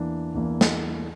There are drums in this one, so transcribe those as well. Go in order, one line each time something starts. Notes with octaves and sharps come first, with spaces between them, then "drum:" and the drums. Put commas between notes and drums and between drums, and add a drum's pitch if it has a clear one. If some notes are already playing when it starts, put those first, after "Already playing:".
Already playing: E2 E3 A#3 D4
E2 E3 A#3 D4
drum: snare